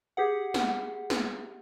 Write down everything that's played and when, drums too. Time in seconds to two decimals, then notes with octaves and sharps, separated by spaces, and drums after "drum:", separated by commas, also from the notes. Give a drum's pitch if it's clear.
0.17 G4 G#4 F#5
0.54 drum: snare
1.10 drum: snare